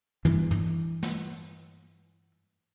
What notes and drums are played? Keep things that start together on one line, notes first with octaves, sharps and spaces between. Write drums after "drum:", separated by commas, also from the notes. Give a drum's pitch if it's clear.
G2 E3, drum: tom
drum: tom
drum: snare